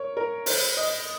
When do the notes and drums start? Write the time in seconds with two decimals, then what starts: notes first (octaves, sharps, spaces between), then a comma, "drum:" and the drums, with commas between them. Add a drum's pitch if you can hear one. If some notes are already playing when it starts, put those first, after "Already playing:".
Already playing: A#4 C#5
0.17 A#4
0.46 C5, drum: open hi-hat
0.77 D#5